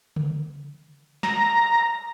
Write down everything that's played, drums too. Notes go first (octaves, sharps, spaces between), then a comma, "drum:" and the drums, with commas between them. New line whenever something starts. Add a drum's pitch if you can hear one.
drum: tom C#3
A#5, drum: snare